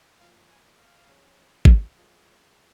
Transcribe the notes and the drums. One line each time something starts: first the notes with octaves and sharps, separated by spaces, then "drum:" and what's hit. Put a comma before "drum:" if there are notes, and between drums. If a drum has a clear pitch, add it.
F3 A#3 F4 F5
G#5
F5
F3 C#4 G#4 C#5
drum: kick
F3 G#3 F4 A#4 D#5
C#5